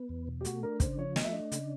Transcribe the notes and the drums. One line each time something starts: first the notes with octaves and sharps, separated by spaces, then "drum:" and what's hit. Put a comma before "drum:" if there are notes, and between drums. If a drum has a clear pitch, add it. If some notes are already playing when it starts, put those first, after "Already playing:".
Already playing: B3
E2
B2
G4
A3 F#4, drum: hi-hat
D4 A#4
C#3 C5, drum: kick, hi-hat
F3 C#5
A3 D#5, drum: snare
E5
D4 D#5
C#3, drum: hi-hat